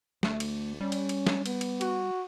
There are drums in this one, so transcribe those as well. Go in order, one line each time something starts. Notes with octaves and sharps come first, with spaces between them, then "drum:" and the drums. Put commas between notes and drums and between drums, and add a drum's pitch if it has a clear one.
D2 A3, drum: snare
drum: cymbal
G3 C#4
drum: cymbal
drum: cymbal
drum: snare
B3, drum: cymbal
drum: cymbal
F#4, drum: cymbal